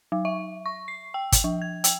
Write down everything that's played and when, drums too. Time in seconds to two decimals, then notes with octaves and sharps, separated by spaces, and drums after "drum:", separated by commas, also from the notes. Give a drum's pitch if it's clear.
0.12 F#3
0.25 E5
0.66 C#6
0.88 C7
1.14 G5
1.32 drum: kick, hi-hat
1.44 F3
1.62 G#6
1.84 G5, drum: hi-hat